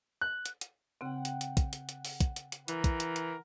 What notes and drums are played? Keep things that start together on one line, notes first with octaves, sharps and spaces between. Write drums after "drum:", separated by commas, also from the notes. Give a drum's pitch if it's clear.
F#6
drum: hi-hat
drum: hi-hat
C#3 C4 F#5 G5
drum: hi-hat
drum: hi-hat
drum: kick, hi-hat
drum: hi-hat
drum: hi-hat
drum: open hi-hat
drum: kick, hi-hat
drum: hi-hat
drum: hi-hat
E3 A#4, drum: hi-hat
drum: kick, hi-hat
drum: hi-hat
drum: hi-hat